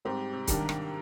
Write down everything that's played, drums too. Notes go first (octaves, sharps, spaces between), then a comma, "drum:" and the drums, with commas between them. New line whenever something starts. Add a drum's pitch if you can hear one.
G#2 G3 C4 G4
C3
G2 D#3 G3 D4 G4 A#4, drum: kick C#1, hi-hat
drum: rim click